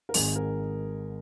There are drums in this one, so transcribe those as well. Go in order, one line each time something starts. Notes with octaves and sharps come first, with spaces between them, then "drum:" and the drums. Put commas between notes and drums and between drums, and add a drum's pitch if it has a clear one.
A#4
G#1 G#2 D#3 G#4, drum: open hi-hat
A#4